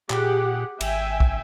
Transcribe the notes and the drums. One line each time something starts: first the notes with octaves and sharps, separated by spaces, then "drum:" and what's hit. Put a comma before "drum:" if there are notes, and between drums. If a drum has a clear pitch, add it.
A#2 G4 G#4 F#5, drum: clap
G#1 E5 G5 G#5, drum: cymbal
drum: kick